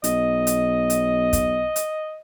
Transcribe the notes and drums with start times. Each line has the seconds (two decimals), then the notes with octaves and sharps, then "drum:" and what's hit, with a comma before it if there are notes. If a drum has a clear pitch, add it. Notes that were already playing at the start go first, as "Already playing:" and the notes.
0.04 B1 D#5, drum: hi-hat
0.47 drum: hi-hat
0.90 drum: hi-hat
1.33 drum: kick, hi-hat
1.76 drum: hi-hat